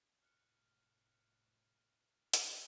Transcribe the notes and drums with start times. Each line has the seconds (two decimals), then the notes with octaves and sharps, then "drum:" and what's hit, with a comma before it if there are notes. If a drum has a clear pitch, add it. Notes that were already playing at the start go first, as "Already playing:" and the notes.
0.22 F1 A2 F6 F#6 C#7
2.34 drum: hi-hat